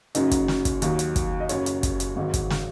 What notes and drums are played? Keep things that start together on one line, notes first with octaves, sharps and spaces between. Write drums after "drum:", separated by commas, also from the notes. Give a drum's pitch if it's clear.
F#1 F#2 C#3 F#3 D#4, drum: hi-hat
drum: kick, hi-hat
drum: snare
drum: kick, hi-hat
D#2 D#3 F#3, drum: hi-hat
drum: hi-hat
drum: kick, hi-hat
D#5
F#1 F#2 C#3 F#3 C#5, drum: hi-hat
drum: hi-hat
drum: kick, hi-hat
drum: hi-hat
G#1 G#2 D#3 F#3
drum: kick, hi-hat
drum: snare